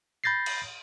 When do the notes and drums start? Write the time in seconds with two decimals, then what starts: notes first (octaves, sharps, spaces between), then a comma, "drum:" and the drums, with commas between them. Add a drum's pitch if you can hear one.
0.24 B5 G6 A6 A#6 C7
0.46 drum: cymbal